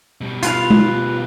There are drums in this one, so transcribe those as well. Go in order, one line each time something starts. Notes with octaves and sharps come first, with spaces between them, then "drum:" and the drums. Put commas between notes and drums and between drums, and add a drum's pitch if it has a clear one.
B2 G3
F4 B4 F5, drum: hi-hat
drum: tom G#3